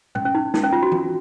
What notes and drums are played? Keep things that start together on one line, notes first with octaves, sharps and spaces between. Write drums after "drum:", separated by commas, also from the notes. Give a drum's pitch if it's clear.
C#4, drum: tom
C#4
D#4
D#4, drum: snare
C#4
F4
F#4
drum: tom E3